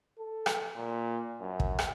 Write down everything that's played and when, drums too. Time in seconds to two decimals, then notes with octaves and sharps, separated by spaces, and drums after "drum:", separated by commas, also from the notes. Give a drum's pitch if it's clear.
0.18 A4
0.46 drum: rim click
0.76 A#2
1.41 F#2
1.60 drum: kick
1.79 drum: rim click